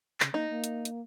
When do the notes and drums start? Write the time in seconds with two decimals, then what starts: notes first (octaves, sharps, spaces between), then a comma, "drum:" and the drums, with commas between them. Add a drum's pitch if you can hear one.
0.20 C#3, drum: clap
0.34 A#3 D#4
0.50 A#3
0.64 drum: hi-hat
0.85 drum: hi-hat